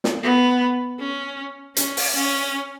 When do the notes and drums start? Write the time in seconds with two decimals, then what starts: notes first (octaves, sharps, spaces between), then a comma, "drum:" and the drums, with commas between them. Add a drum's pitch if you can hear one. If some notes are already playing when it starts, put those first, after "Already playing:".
0.04 drum: snare
0.23 B3
1.00 C#4
1.77 C#4, drum: hi-hat
1.97 drum: open hi-hat
2.15 C#4